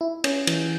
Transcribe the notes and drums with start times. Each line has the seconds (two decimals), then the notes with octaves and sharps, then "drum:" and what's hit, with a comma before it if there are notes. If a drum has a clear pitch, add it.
0.01 E4
0.24 C#4, drum: cymbal
0.47 E3, drum: cymbal